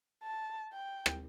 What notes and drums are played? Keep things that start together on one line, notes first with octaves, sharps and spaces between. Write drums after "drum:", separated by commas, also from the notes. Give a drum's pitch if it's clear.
A5
G5
drum: rim click